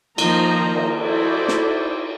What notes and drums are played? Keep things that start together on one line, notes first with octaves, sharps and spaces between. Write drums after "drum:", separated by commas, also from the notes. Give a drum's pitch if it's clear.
D#3 F3 A#3 D#5 A#5, drum: cymbal
drum: cymbal
D#4 E4 F#4 A4 C5 D5
drum: snare